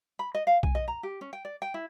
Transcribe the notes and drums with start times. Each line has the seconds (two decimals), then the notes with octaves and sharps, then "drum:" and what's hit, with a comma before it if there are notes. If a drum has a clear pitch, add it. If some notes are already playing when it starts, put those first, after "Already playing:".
0.19 B5
0.35 D#5
0.47 F5
0.63 G#5, drum: kick
0.75 D#5
0.88 A#5
1.03 G4
1.21 C#4
1.33 G5
1.45 D5
1.62 G5
1.74 E4